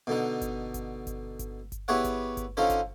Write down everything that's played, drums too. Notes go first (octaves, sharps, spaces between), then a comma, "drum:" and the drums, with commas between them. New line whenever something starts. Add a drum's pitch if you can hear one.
B2 D3 D#4
drum: kick G1, hi-hat
drum: kick G1, hi-hat
drum: kick G1, hi-hat
drum: kick G1, hi-hat
drum: kick G1, hi-hat
B3 E4 G4 G#4 C#5 F#5
drum: kick G1, hi-hat
drum: kick G1, hi-hat
D3 C#4 D#4 F4 A4 C5
drum: kick G1, hi-hat